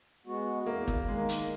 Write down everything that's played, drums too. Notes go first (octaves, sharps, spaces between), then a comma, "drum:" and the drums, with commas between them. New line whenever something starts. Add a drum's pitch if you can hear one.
G#3 B3 F#4
E2 A#3
drum: kick
D#3 G#3 A#3
drum: hi-hat